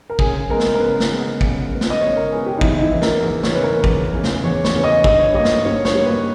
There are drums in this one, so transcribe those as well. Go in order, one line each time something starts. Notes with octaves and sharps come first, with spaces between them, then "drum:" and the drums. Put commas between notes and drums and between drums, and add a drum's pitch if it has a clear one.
A#4
C#3 G#4, drum: kick
G#3 B3 A#4
drum: snare
A#4
C#3 B4
drum: snare
G#3 B3
C#3, drum: kick
G#3 B3
drum: snare
D#5
C#3 C#5
A#4
G#3 B3 G#4
G4
D#4
E2 E4, drum: kick
D#4
E4
C#3 E3
A#4, drum: snare
E2
C#5, drum: snare
C#3 E3 B4
A#4
E2, drum: kick
C#3 E3
drum: snare
E2 C#5
C#5, drum: snare
C#3 E3
D#5
G2 D#5, drum: kick
C#5
G3 A#3 D#5
drum: snare
G2 C#5
C#5, drum: snare
G3 A#3
B4